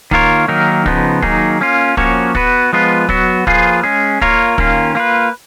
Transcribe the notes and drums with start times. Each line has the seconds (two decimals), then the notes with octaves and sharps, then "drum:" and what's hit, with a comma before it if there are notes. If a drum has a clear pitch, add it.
0.11 D#3 A#3 F4 A#4 C#5, drum: kick
0.48 D#3 F#3 A#3 D#4 A#4
0.86 C#3 F3 B3 D#4, drum: kick
1.22 D#3 F#3 A#3 D#4 G#4, drum: kick
1.61 A#3 C#4 F4
1.97 F3 A#3 C#4 F#4 C#5, drum: kick
2.35 B3 F#4 B4, drum: kick
2.73 F3 G#3 B3 F4 B4
3.09 F#3 B3 F#4, drum: kick
3.47 F3 A#3 F4 G#4 B4, drum: kick
3.83 G#3 C#4 G#4
4.21 A#3 F4 A#4 C#5, drum: kick
4.58 D#3 A#3 C#4 F4, drum: kick
4.95 A#3 F4 B4